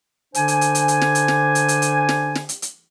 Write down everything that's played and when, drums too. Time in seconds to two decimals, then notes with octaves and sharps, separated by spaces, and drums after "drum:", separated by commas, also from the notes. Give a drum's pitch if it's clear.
0.35 D3 D4 C5 G#5, drum: hi-hat
0.48 drum: hi-hat
0.61 drum: hi-hat
0.75 drum: hi-hat
0.88 drum: hi-hat
1.01 drum: snare
1.15 drum: hi-hat
1.28 drum: snare
1.55 drum: hi-hat
1.68 drum: hi-hat
1.82 drum: hi-hat
2.09 drum: snare
2.35 drum: snare
2.49 drum: hi-hat
2.62 drum: hi-hat